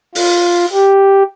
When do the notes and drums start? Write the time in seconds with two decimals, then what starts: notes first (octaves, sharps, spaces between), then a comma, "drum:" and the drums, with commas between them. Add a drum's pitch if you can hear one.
0.15 F4, drum: open hi-hat
0.72 G4